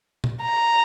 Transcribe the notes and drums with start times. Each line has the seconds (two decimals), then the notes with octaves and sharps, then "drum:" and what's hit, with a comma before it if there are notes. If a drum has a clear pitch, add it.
0.24 drum: tom A#2
0.42 A#5